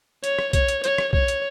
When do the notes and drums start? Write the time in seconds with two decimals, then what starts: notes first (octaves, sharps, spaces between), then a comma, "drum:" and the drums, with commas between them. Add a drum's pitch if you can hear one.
0.24 C#5, drum: hi-hat
0.39 drum: rim click
0.53 C#5, drum: kick B1, hi-hat
0.68 drum: hi-hat
0.84 C#5, drum: hi-hat
0.98 drum: rim click
1.13 C#5, drum: kick B1
1.28 drum: hi-hat